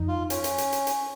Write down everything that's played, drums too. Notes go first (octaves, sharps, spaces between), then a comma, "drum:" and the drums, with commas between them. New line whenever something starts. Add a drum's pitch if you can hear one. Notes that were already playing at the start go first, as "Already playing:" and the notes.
Already playing: F2 D#4
F4
C#4, drum: hi-hat
drum: hi-hat
drum: hi-hat
drum: hi-hat
drum: hi-hat